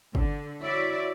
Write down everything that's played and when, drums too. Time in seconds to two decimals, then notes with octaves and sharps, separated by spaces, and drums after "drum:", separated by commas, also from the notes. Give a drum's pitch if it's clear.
0.15 D3, drum: kick
0.63 E4 F#4 C#5 D5 E5